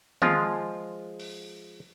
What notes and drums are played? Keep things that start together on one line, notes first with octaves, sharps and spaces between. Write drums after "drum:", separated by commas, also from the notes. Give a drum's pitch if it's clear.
F3 G#3 F4, drum: tom D#3
drum: open hi-hat